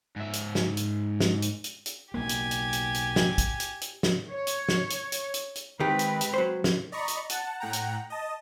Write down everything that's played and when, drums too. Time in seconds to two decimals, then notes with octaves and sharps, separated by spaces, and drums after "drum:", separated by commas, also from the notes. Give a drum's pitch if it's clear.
0.16 G#2 E5
0.33 drum: hi-hat
0.55 drum: snare
0.77 drum: hi-hat
1.20 drum: snare
1.42 drum: hi-hat
1.64 drum: hi-hat
1.86 drum: hi-hat
2.14 B1 A#3 G4 G#5
2.29 drum: hi-hat
2.51 drum: hi-hat
2.73 drum: hi-hat
2.94 drum: hi-hat
3.16 drum: snare
3.38 drum: kick, hi-hat
3.60 drum: hi-hat
3.82 drum: hi-hat
4.03 drum: snare
4.30 C#5
4.47 drum: hi-hat
4.69 drum: snare
4.90 drum: hi-hat
5.12 drum: hi-hat
5.34 drum: hi-hat
5.56 drum: hi-hat
5.80 D#3 G#3 C4 D#4 G4 B4
5.99 drum: hi-hat
6.21 drum: hi-hat
6.34 F#3 C5
6.64 drum: snare
6.92 D5 D#5 A#5 B5 C#6
7.08 drum: hi-hat
7.30 F#5 A5, drum: hi-hat
7.60 A2 F#5 G5 A#5
7.73 drum: hi-hat
8.10 D#5 A5